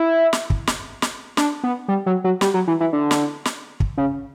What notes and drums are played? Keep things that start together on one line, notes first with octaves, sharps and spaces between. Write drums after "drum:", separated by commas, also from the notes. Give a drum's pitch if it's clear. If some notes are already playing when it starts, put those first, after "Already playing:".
Already playing: E4
drum: snare
drum: kick
drum: snare
drum: snare
D4, drum: snare
B3
G3
F#3
F#3
G3, drum: snare
F#3
E3
E3
D3
drum: snare
drum: snare
drum: kick
C#3